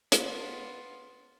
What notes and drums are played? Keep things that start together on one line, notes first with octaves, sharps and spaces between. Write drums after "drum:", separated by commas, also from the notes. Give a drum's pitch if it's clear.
B3 F4, drum: hi-hat